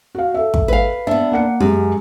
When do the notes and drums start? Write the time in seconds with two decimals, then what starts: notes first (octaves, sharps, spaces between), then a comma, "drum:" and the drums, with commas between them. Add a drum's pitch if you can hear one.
0.15 F#4 F5
0.34 A4 E5
0.54 drum: kick
0.68 B4 F5
1.07 B3 D4 E5
1.32 A#3 F#5 C#7
1.60 F#2 G#3 G4